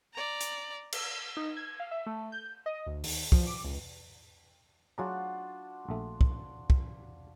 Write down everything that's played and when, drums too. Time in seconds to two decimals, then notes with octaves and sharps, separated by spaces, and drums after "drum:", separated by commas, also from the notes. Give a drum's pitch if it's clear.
0.14 D5 A#5
0.40 drum: hi-hat
0.93 drum: cymbal
1.37 D#4
1.57 G#6
1.80 F5
1.91 E5
2.06 A3
2.32 G6
2.66 D#5
2.87 D2
3.04 D#2, drum: open hi-hat
3.32 F3, drum: kick
3.47 D6
3.64 C#2
4.98 F#3 D4 F4 F#4 G#4 A#5
5.89 A#1 A3
6.21 drum: kick
6.70 drum: kick